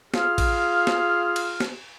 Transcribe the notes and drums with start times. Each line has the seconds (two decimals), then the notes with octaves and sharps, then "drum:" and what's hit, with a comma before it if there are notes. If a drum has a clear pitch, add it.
0.14 F4 G#4 F5 F6, drum: snare
0.38 drum: kick A1, cymbal
0.87 drum: snare
1.36 drum: cymbal
1.60 drum: snare